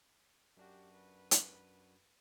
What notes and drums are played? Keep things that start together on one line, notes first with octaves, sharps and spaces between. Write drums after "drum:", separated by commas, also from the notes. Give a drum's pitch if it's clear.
F#2 D4 F#4 G4
B4
drum: hi-hat